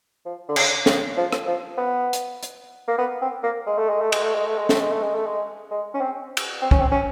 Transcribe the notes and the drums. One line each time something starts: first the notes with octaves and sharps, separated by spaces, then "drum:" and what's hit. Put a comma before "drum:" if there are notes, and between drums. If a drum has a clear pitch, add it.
F3
D3
C#3, drum: cymbal
C#3, drum: snare
F3
drum: rim click
F3
B3
drum: hi-hat
drum: hi-hat
A#3
B3
C4
A#3
G#3
A3
G#3
A3
G#3, drum: cymbal
A3
G#3
A3
G#3
A3, drum: snare
G#3
A3
G#3
A3
G#3
G#3
C#4
C4
drum: cymbal
C4
C#4, drum: kick
C4
C#4